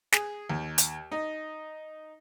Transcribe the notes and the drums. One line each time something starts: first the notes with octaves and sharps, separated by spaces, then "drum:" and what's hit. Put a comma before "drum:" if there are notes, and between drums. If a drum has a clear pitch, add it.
G#4, drum: snare
D#2
drum: hi-hat
D#4